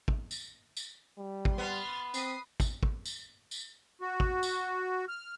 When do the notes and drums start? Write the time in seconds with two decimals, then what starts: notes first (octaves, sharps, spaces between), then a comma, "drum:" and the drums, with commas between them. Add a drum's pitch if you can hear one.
0.08 drum: kick
0.31 drum: tambourine
0.77 drum: tambourine
1.18 G3
1.45 drum: kick
1.58 B3 C6 F6 A6
2.14 C4 D#6 B6 C7, drum: tambourine
2.60 drum: kick, tambourine
2.83 drum: kick
3.05 drum: tambourine
3.51 drum: tambourine
4.01 F#4
4.20 drum: kick
4.43 drum: tambourine
5.08 F6